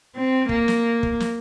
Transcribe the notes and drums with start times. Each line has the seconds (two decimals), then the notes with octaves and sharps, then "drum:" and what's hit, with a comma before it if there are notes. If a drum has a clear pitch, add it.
0.15 C4
0.49 A#3, drum: kick
0.68 drum: snare
1.03 drum: kick
1.20 drum: snare